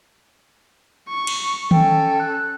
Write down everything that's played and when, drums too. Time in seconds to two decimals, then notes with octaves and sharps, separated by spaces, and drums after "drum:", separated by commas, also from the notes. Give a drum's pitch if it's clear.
1.09 C#6
1.27 drum: cymbal
1.71 C#4 A4 G5, drum: tom D#3
2.20 F#6